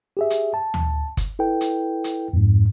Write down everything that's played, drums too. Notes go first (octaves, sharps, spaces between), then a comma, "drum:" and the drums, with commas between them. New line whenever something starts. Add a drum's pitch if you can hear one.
G4 G#4 E5
drum: hi-hat
A5
drum: tom
drum: kick, hi-hat
E4 A4 B4 G5
drum: hi-hat
drum: hi-hat
F2 G#2